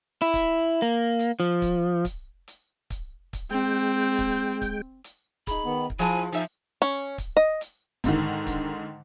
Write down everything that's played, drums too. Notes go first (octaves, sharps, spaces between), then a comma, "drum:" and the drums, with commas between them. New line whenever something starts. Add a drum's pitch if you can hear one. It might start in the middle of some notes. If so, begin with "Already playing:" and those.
E4
drum: kick, hi-hat
A#3
drum: hi-hat
F3
drum: kick, hi-hat
drum: kick, hi-hat
drum: hi-hat
drum: kick, hi-hat
drum: kick, hi-hat
G#3 C4 G5
drum: hi-hat
drum: kick, hi-hat
drum: kick, hi-hat
drum: hi-hat
D#4 G#4 B5, drum: kick, hi-hat
D#3 B3
drum: kick
F3 E4 G#4 C5 G#5 A5
F3 D#4 E5 G#5, drum: hi-hat
C#4
drum: kick, hi-hat
D#5
drum: hi-hat
G#2 D3 D#3, drum: kick, hi-hat
drum: kick, hi-hat